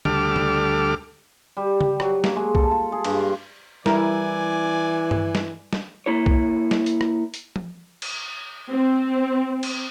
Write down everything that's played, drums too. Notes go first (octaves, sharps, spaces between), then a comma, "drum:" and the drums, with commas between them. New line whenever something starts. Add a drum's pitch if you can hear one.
D2 G3 A4 D6 F6, drum: tom C#3
drum: tom C#3
G3
G4, drum: tom C#3
F#3, drum: rim click
A#3, drum: snare
G#3
A4, drum: kick
F4
G#4
G2, drum: cymbal
C6
E3 G3 E4 A#4 D5 G#5, drum: snare
drum: tom G2
drum: snare
drum: snare
A#3 E4 C#5
drum: kick
drum: snare
drum: hi-hat
drum: rim click
drum: hi-hat
drum: tom
drum: cymbal
C4
drum: cymbal